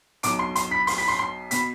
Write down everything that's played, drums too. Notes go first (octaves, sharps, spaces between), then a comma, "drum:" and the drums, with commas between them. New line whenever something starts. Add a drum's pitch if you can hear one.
B1 B2 D6 D7, drum: hi-hat
C6 C7
C6 C7, drum: hi-hat
B5 B6
C6 C7, drum: open hi-hat
B5 B6
C6 C7
C6 C7
B2 B5 B6, drum: hi-hat